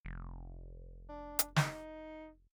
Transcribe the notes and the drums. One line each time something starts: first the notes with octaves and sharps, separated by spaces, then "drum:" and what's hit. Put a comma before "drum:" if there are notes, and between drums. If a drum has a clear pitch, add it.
F1
D4
drum: hi-hat
D#4, drum: snare